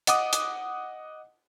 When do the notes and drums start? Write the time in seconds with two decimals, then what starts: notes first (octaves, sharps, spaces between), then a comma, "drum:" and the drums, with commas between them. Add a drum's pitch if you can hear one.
0.07 D#5 F#5 D6 D#6, drum: hi-hat
0.33 drum: hi-hat